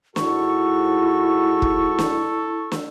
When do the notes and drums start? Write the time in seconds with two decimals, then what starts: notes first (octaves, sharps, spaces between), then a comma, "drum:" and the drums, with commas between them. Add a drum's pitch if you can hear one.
0.16 G#2 E4 F#4 A4 C#6, drum: snare
1.62 drum: kick
1.99 drum: snare
2.72 drum: snare